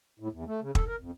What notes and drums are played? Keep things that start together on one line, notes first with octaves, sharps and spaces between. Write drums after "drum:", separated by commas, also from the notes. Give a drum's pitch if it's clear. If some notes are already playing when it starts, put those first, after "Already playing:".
A2
E2
A3
C#3
A4, drum: kick
A#4
F2